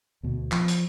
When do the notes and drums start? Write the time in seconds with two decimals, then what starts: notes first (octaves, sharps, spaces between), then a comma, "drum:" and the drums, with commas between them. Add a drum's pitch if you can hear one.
0.23 D2 B2
0.52 F3, drum: clap
0.68 drum: hi-hat